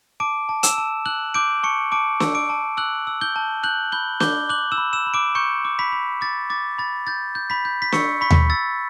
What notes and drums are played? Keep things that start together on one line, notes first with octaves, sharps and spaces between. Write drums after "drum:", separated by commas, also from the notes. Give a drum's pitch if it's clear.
A5 D6 D7
A5
E6 E7, drum: hi-hat
A5
E6 F#6 F#7
D6 G6 D7
A5 C#6 C#7
A5 D6 D7
E6, drum: snare
D6 D7
A5
E6 F#6 F#7
E6
G6 G7
A5
F#6 G6 F#7
B5 G6 G7
D6 G6 G7, drum: snare
D6 F#6 F#7
E6 E7
B5
E6 E7
B5
D6 D7
C#6 G6 C#7
D6
B5 B6
B5
D6 A6
D6 A6
B5 A6
G6 A6
G6
B5 B6
G6
B6
C#6 E6 C#7, drum: snare
B5 C#6 B6
drum: tom D#2
E6 A6